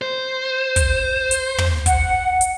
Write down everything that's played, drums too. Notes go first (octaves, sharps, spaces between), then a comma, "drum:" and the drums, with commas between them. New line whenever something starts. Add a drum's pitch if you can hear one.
C5
drum: kick, hi-hat
drum: hi-hat
drum: tom
F#5, drum: kick, hi-hat
drum: hi-hat